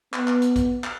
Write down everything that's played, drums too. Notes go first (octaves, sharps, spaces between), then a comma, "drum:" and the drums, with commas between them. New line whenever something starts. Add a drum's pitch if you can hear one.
B3, drum: clap
drum: clap
drum: hi-hat
drum: kick, hi-hat
drum: clap